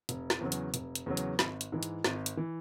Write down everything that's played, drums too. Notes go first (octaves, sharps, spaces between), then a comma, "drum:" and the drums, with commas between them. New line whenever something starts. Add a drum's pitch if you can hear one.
F1, drum: hi-hat
drum: snare
E2 C#3 F#3
drum: hi-hat
F1, drum: hi-hat
drum: hi-hat
E2 C#3 F#3
drum: hi-hat
G#1, drum: snare
drum: hi-hat
G#2 E3
drum: hi-hat
G#1, drum: snare
drum: hi-hat
E3